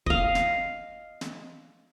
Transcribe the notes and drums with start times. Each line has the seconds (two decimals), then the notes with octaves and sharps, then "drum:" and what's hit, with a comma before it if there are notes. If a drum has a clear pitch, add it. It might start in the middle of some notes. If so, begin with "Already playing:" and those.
0.06 D#5 F5, drum: kick
0.35 drum: snare
1.21 drum: snare